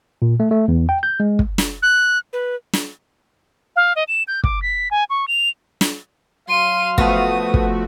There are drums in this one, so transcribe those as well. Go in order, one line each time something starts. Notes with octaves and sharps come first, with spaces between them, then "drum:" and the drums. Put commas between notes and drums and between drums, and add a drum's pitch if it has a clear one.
A#2
A3
A3
E2
G5
G6
G#3
drum: kick
drum: snare
F#6
B4
drum: snare
F5
D#5
E7
G6
D6, drum: kick
B6
G#5
C#6
F7
drum: snare
F#3 F5 C6 D#7
F3 A3 B3 F#4 D#6, drum: kick
drum: kick